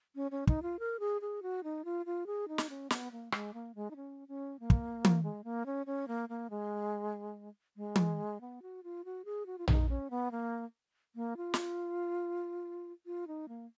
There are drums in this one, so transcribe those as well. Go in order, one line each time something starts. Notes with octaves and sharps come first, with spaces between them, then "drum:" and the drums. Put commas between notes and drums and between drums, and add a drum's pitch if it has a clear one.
C#4
C#4
D#4, drum: kick
F4
A#4
G#4
G#4
F#4
D#4
F4
F4
G#4
D#4
drum: snare
C#4
B3, drum: snare
A#3
G#3, drum: rim click
A#3
G#3
D#4
C#4
C#4
A#3
drum: kick
drum: tom
G#3
A#3
C#4
C#4
A#3
A#3
G#3
G#3
drum: tom
B3
F#4
F4
F#4
G#4
F#4
F4
D#4, drum: tom A#1
C#4
B3
A#3
A#3
F4
drum: snare
F4
D#4
A#3